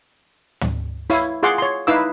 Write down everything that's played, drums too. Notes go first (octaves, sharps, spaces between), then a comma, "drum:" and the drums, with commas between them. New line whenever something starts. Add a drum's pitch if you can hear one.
drum: tom
E4 C#5 F5, drum: open hi-hat
F4 G#4 F5 F#5 C6 D6
C#5 C6
D#4 E4 B4 F5 D6 E6